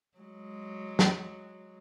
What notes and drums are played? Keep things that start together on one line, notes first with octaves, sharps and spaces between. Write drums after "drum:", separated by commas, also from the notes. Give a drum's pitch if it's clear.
F#3 G#3
drum: snare